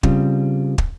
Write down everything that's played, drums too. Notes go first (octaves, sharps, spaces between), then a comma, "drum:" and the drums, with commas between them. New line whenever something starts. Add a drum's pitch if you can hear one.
C#3 G3 C4 F4, drum: kick
drum: kick